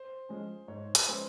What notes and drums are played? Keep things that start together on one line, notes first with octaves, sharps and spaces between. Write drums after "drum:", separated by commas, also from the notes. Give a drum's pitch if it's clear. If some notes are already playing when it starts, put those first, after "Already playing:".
Already playing: C5
F3 G#3 C#4
G#2 C#5
B4, drum: hi-hat
F3 G#3 C#4 C5